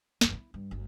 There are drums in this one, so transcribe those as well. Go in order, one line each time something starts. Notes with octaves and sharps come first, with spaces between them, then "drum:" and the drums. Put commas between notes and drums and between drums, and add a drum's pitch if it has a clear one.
G1 E2, drum: snare
E4
G2
G1 D2